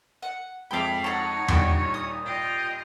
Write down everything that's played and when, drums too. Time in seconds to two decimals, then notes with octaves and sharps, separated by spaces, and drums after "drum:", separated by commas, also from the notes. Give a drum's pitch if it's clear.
0.22 F#5
0.71 F2 G#3 E5 F5 G5 B5 D6
1.04 D#4 A4 C#5 F#5
1.48 D#2 A#2 G3 D4 F#4 G5, drum: tom E2
1.94 D#6
2.26 F4 D#5 G5